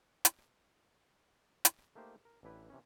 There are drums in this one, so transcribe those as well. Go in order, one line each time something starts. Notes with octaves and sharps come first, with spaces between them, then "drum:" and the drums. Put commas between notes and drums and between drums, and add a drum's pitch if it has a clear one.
drum: hi-hat
drum: hi-hat
A3 A#3 D#4 G4 C5
A#4
A1 E3 D4 E4 B4 G5
C3 E3 C#4